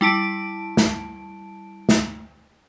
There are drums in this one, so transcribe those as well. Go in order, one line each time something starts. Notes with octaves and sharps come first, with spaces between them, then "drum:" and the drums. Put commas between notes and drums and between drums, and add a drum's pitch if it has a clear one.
G3 E4 A5 D7
drum: snare
drum: snare